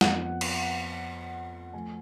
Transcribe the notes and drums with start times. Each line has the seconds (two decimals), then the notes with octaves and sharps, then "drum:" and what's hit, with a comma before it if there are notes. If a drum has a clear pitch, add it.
0.01 F2 F3 B3 F#5, drum: snare
0.41 drum: cymbal
1.73 F3 A3 G#5